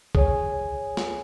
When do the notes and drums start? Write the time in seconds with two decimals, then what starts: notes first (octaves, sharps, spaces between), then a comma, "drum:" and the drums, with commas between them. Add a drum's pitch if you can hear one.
0.15 G#4 C#5 G#5, drum: kick B1
0.97 drum: snare